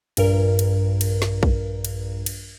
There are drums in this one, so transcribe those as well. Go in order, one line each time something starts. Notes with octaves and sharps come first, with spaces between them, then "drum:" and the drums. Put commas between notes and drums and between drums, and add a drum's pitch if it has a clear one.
A#1 G2 A#4, drum: cymbal
drum: cymbal
drum: cymbal
drum: snare
drum: kick A#1
drum: cymbal
drum: cymbal